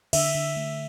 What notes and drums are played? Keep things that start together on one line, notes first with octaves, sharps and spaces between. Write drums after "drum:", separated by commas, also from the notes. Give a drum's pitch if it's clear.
D3 E5, drum: cymbal
D3
A3